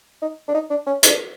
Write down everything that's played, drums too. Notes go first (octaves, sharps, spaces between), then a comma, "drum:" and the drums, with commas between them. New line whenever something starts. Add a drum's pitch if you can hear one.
D#4
D4
D#4
D4
C#4
D#4, drum: hi-hat
D4